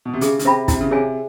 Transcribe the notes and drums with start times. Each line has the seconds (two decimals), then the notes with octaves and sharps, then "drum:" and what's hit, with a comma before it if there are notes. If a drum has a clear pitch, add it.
0.05 B2
0.13 C3
0.21 C#3 G#4, drum: hi-hat
0.39 C#3, drum: hi-hat
0.44 C3 C5 E5 G5 B5
0.68 C3 E4, drum: kick, hi-hat
0.81 C#3
0.91 C3 G#4 C#5 F5 G#5